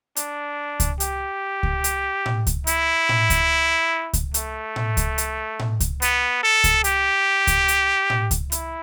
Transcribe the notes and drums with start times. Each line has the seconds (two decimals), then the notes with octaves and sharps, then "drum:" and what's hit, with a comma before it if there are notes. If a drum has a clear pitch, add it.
0.16 D4, drum: hi-hat
0.80 drum: kick C#2, hi-hat
1.00 G4, drum: hi-hat
1.63 drum: kick C#2
1.84 drum: hi-hat
2.26 drum: tom A2
2.47 drum: kick C#2, hi-hat
2.67 E4, drum: hi-hat
3.09 drum: tom A2
3.30 drum: kick C#2, hi-hat
4.13 drum: kick C#2, hi-hat
4.34 A3, drum: hi-hat
4.76 drum: tom A2
4.97 drum: kick C#2, hi-hat
5.18 drum: hi-hat
5.60 drum: tom A2
5.80 drum: kick C#2, hi-hat
6.02 B3, drum: hi-hat
6.43 A4
6.64 drum: kick C#2, hi-hat
6.84 G4, drum: hi-hat
7.47 drum: kick C#2, hi-hat
7.68 drum: hi-hat
8.10 drum: tom A2
8.31 drum: kick C#2, hi-hat
8.52 E4, drum: hi-hat